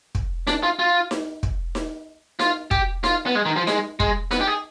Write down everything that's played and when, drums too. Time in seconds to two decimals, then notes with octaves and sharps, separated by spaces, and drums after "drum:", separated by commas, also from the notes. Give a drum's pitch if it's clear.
0.15 drum: kick
0.47 D4, drum: snare D#4
0.63 F4
0.79 F4
1.11 drum: snare D#4
1.43 drum: kick
1.75 drum: snare D#4
2.39 F4, drum: snare D#4
2.71 G4, drum: kick
3.04 F4, drum: snare D#4
3.26 B3
3.35 G#3
3.46 D#3
3.56 F3
3.67 G#3, drum: snare D#4
4.00 G#3, drum: kick
4.31 B3, drum: snare D#4
4.41 G4
4.47 G#4